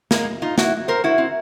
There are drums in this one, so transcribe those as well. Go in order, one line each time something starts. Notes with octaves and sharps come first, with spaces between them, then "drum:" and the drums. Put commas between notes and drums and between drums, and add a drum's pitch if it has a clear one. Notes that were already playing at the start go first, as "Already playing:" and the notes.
G#3 A#3, drum: snare
D#4 F4
E4 F#4, drum: snare
A#4 C5
E4 F#4
C4